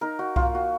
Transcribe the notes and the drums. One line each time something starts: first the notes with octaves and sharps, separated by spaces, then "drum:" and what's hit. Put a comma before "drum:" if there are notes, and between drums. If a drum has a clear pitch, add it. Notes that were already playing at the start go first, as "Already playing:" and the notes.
D#4 A#4
D#4 F#4
A#3 F4, drum: kick C2
A#3 F#4